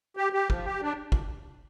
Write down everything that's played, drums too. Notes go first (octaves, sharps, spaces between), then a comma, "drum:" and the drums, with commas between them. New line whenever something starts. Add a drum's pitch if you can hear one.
G4
G4
F3, drum: kick
G4
D4
drum: kick